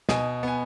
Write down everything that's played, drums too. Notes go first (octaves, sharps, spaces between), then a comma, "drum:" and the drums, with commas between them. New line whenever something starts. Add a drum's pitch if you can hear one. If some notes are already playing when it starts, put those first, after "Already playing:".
B2 D#5 G#5, drum: snare
B3 G#5